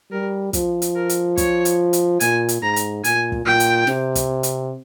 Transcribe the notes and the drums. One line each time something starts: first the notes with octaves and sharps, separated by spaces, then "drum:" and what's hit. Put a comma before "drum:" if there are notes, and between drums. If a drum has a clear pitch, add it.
G3 A#4
F3, drum: kick, hi-hat
drum: hi-hat
A#4
drum: hi-hat
C#5, drum: kick, hi-hat
drum: hi-hat
drum: hi-hat
A#2 G#5, drum: hi-hat
drum: hi-hat
G#2 A#5
drum: hi-hat
A#2 G#5, drum: hi-hat
drum: kick
A#2 G5
drum: hi-hat
C3, drum: snare
drum: kick, hi-hat
drum: hi-hat